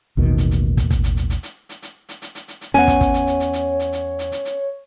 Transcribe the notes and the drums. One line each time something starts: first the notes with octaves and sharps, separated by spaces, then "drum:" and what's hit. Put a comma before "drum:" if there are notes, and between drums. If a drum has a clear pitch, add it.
A1 D#2 B2 D#3
drum: hi-hat
drum: hi-hat
drum: kick, hi-hat
drum: kick, hi-hat
drum: hi-hat
drum: hi-hat
drum: hi-hat
drum: hi-hat
drum: hi-hat
drum: hi-hat
drum: hi-hat
drum: hi-hat
drum: hi-hat
drum: hi-hat
drum: hi-hat
E2 B3 C#4 C#5 F#5 G#5
drum: kick, hi-hat
drum: kick, hi-hat
drum: hi-hat
drum: hi-hat
drum: hi-hat
drum: hi-hat
drum: hi-hat
drum: hi-hat
drum: hi-hat
drum: hi-hat
drum: hi-hat